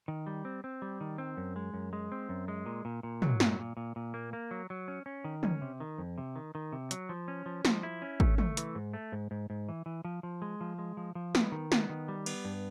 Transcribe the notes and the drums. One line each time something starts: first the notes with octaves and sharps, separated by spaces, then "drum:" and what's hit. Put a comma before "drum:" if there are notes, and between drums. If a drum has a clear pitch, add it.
D#3
G3
C4
C4
G3
D#3
C4
F#2
G#3
F#2
G#3
C4
F#2
G#3
A#2
A#2
A#2
F#3, drum: tom
A#2, drum: snare
A#2
A#2
A#2
A#3
A#3
F#3
F#3
C#4
C#4
D#3
C#4, drum: tom
C3
D#3
F2
C3
D#3
D#3
C3
F#3, drum: hi-hat
F3
C#4
F3
F3, drum: snare
E4
C#4
A3, drum: kick G#1
A3, drum: tom
E3, drum: hi-hat
G#2
A3
G#2
G#2
G#2
E3
E3
F3
F3
G#3
F3
G#3
F3
F3
B3, drum: snare
D#3
B3, drum: snare
D#3
G3
B3, drum: cymbal
G2